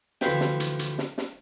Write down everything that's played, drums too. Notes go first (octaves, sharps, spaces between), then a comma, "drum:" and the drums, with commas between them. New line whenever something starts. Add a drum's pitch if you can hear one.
D2 E3 F3 E4 B4 G5, drum: snare
drum: snare
drum: hi-hat
drum: hi-hat
drum: snare
drum: snare